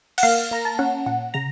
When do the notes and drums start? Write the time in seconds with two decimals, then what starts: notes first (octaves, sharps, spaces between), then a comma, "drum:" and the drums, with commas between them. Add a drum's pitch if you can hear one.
0.18 F#5, drum: cymbal
0.23 A#3 F5
0.51 A#3 A#5
0.65 A5
0.79 C#4 F#5
1.06 A#2 F#5
1.34 C#3 A#5